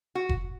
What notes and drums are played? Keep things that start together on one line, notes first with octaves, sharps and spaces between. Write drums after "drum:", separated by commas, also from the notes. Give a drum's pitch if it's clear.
F#4
drum: kick F1